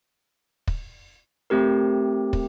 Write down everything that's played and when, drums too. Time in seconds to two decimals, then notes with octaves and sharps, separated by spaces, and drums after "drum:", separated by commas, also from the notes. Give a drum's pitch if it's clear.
0.67 drum: kick
1.50 A3 C4 G4 A#4
2.33 drum: kick